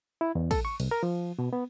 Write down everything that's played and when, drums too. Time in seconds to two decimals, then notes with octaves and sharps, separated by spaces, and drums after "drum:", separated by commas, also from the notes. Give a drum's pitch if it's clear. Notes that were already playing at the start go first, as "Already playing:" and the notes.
0.21 E4
0.35 E2
0.51 A4, drum: kick, cymbal
0.65 C#6
0.80 C2, drum: cymbal
0.91 A#4
1.03 F3
1.39 B2
1.53 B3